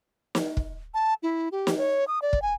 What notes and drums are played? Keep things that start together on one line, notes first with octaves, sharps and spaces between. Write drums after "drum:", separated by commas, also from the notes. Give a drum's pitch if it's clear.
drum: snare
drum: kick
A5
E4
G4
drum: snare
C#5
D#6
D5
drum: kick
G#5